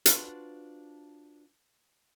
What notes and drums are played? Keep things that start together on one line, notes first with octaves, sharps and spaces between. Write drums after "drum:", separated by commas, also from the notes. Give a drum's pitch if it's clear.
D4 F4 F#4 B4 C5, drum: hi-hat